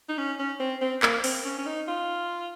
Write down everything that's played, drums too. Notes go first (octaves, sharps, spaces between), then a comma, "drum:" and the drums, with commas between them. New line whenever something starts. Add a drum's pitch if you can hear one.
D#4
C#4
C#4
C4
C4
A#3, drum: clap
C4, drum: open hi-hat
C#4
C#4
D#4
F4